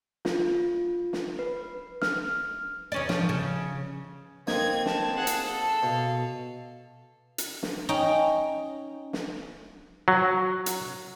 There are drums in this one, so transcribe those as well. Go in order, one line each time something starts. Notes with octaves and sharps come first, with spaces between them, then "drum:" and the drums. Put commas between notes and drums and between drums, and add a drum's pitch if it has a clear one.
F4, drum: snare
drum: snare
B4
F6, drum: snare
E2 C#4 D5
F3, drum: snare
C#3
A#3 C4 D#4 G#6, drum: snare
A5, drum: snare
G#4 F#5
drum: hi-hat
A4
B2 F5
drum: hi-hat
drum: snare
C#4 D#4 G5
drum: snare
F#3
drum: hi-hat